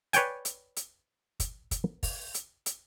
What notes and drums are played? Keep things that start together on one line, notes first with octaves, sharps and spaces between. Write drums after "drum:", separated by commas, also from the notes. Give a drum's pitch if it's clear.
B4 C#5 D5 G5 G#5, drum: hi-hat
drum: hi-hat
drum: hi-hat
drum: kick, hi-hat
drum: kick, hi-hat
drum: kick, open hi-hat
drum: hi-hat
drum: hi-hat